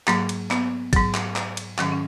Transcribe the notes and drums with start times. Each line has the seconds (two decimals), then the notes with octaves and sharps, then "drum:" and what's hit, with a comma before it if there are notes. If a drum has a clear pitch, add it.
0.08 G#2 F#3 A#3, drum: clap
0.29 drum: cymbal
0.51 B3, drum: clap
0.93 G#2 F#3, drum: kick, cymbal
1.15 drum: clap
1.36 drum: clap
1.57 drum: cymbal
1.78 G#2 D#3 F#3 C#4, drum: clap
1.92 C#4